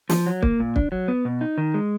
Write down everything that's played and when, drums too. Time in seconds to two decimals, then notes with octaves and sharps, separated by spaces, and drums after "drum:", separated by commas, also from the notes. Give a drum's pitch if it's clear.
0.09 F3, drum: snare
0.26 F#3
0.43 A#3, drum: kick
0.60 A#2
0.76 D4, drum: kick
0.92 F#3
1.08 B3
1.25 B2
1.41 D#4
1.58 D#3
1.74 G#3